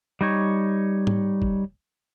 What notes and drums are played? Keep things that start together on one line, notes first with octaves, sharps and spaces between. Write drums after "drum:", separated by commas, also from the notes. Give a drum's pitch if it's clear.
G3 D#4 C#5
drum: tom
drum: kick